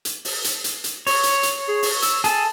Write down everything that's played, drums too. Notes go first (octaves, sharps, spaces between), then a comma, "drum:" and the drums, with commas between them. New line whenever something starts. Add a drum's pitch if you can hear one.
drum: hi-hat
drum: open hi-hat
drum: hi-hat
drum: hi-hat
drum: hi-hat
C#5, drum: open hi-hat
drum: hi-hat
drum: hi-hat
G#4
drum: open hi-hat
E6, drum: hi-hat
G#4 A4 A5, drum: hi-hat